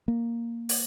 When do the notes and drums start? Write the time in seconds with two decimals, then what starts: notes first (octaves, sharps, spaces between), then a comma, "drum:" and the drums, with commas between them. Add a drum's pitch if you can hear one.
0.08 A#3
0.69 drum: open hi-hat